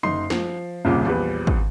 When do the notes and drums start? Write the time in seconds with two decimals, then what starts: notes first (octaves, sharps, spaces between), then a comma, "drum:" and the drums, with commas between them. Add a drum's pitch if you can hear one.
0.03 F#1 D#4 C6 C7, drum: tom
0.30 F3, drum: snare
0.85 D#1 C2 A#2 C#3
1.05 A#1 E2 G3 B4
1.47 drum: kick